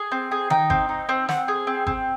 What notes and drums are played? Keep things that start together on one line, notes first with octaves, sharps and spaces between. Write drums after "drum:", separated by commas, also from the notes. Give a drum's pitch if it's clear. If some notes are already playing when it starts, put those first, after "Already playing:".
Already playing: G#4
C4
G#4
D#4 G5, drum: tom D#3
C4, drum: kick G#1
D#4
C4
C4 F#5, drum: snare
G#4
C4
C4, drum: kick G#1